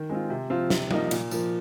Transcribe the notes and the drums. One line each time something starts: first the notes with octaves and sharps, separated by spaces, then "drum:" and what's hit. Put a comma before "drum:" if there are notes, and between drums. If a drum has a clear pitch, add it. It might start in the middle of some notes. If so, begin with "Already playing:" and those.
Already playing: D#3
G#3 C4 F4
C3
F3 C4 F4
C3, drum: snare
F3 A#3 D#4, drum: tom
A#2, drum: cymbal
F3 A#3, drum: tambourine